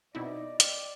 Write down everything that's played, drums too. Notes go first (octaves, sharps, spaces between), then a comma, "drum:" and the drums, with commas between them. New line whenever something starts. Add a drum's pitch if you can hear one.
B2 C4 D#4 E4 D5 D#5
D5 G5 F6, drum: hi-hat